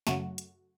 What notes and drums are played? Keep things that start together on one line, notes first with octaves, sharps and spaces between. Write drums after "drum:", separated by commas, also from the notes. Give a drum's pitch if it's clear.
F#2 C#3 F#3 A3 F#4, drum: snare
drum: hi-hat